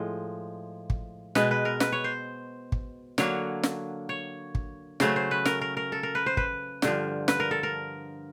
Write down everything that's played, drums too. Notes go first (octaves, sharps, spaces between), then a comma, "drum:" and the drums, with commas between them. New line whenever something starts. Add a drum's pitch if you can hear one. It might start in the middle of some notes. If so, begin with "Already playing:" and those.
Already playing: A2 F3 G#3
drum: kick
B2 G#3 B4, drum: snare
B4
A#4
B4, drum: snare
C#5
C5
drum: kick
D3 F#3 A#3 C#5, drum: snare
drum: snare
C#5
drum: kick
C#3 F#3 A3 C5, drum: snare
C5
B4
A#4, drum: snare
A#4
A#4
A4
A#4
B4
C5
B4, drum: kick
G2 D3 F3, drum: snare
B4, drum: snare
A#4
A4
A#4